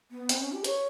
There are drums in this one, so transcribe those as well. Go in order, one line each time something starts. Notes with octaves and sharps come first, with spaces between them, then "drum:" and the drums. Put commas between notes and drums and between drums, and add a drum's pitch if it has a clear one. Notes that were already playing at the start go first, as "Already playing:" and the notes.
B3
C4, drum: hi-hat
C#4
G4
C#5, drum: hi-hat